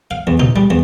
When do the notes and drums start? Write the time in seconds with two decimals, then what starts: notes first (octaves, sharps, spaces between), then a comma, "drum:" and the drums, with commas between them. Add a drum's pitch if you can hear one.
0.11 F5
0.27 E2
0.40 D#4, drum: tom A#2
0.56 G3
0.70 E2